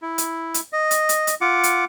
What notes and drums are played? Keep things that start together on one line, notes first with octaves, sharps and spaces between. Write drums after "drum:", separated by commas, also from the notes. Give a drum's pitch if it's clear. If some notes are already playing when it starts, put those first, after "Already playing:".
E4
drum: hi-hat
drum: hi-hat
D#5
drum: hi-hat
drum: hi-hat
drum: hi-hat
F4 F#5 D6
drum: hi-hat